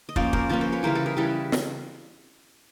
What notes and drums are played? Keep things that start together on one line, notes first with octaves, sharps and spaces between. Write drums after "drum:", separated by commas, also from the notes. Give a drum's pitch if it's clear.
D#5
F3 A#3 C#4 C5 D5, drum: kick
A#4 C5, drum: kick
F3 A#3 C#4 A4 B4
A#4 C5
B4 C#5
C#3 E3 G3 A#4 C5
A4 B4
G#4 A#4
C#3 E3 G3 A4 B4
drum: snare